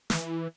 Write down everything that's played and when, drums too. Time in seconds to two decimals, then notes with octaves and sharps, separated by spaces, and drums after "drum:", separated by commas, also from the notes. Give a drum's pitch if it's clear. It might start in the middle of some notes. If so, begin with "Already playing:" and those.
0.10 E3, drum: snare